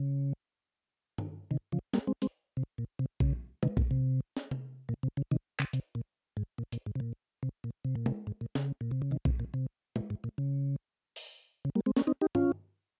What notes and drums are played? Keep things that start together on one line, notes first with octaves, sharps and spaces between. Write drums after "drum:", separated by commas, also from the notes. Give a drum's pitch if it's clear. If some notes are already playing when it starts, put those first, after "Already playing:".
Already playing: C#3
drum: tom
C3 D#3
C#3 F3
G3 A#3, drum: snare
G#3 C4
G#3 C4, drum: hi-hat
C3
A#2
C3
C#3, drum: kick A#1
C3 D#3, drum: tom G#3
A#2, drum: kick A#1
C3
drum: snare
drum: tom C3
A#2
C3
C#3
C3 D#3
C#3, drum: clap
C3, drum: hi-hat
A#2
G#2
A#2
A#2, drum: hi-hat
G#2
C3
A#2
C3
A#2
C3
A#2
C3, drum: tom G#3
G#2
A#2
C#3, drum: snare
A#2
C3
C#3
C3 D#3
C3, drum: kick A#1
A#2
C3
A#2, drum: tom G#3
G#2
A#2
C#3
drum: open hi-hat
C#3
G3 A#3
G#3 C4
A#3 C#4, drum: snare
C4 D#4
D#4 G4
C#4 F4, drum: tom